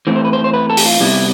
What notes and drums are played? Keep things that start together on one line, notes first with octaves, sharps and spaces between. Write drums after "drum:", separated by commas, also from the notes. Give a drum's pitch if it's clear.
E3 A3 C4
C5
B4
C5
C5
B4
A4
G4, drum: open hi-hat
F4
C3 G3 B3 E4